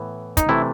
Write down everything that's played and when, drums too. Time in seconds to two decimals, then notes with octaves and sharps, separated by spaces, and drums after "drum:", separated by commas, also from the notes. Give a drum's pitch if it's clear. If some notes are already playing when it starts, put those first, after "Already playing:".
Already playing: A2 E3 B3
0.37 D#4, drum: kick, hi-hat
0.49 C3 E3 A3 E4